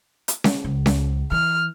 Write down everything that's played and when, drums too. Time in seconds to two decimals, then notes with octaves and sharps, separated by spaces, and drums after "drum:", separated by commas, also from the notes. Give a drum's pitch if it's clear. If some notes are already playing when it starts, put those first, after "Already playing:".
0.28 drum: hi-hat
0.44 drum: snare C#4
0.65 C#2
0.86 drum: snare C#4
1.32 E3 F6